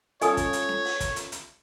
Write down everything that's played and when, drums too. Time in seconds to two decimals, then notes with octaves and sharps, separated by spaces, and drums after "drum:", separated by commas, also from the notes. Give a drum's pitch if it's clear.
0.21 C#4 F4 A4 C#5 D#5 G#5 D#6, drum: hi-hat
0.37 drum: kick, hi-hat
0.53 drum: hi-hat
0.69 drum: snare C#4
0.85 drum: open hi-hat
1.00 drum: kick, hi-hat
1.16 drum: hi-hat
1.32 drum: hi-hat